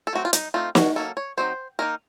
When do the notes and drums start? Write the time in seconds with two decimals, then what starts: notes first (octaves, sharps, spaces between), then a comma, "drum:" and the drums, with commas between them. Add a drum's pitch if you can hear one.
0.07 A4
0.13 F#3 A3 C4 F#4
0.25 F4
0.33 D#4, drum: hi-hat
0.54 A3 C4 D#4 F4
0.75 F#4, drum: snare
0.95 F#3 A#3 C#4 A4
1.17 C#5
1.37 F#3 C4 D#4 C5
1.79 D#3 A#3 D#4 A#4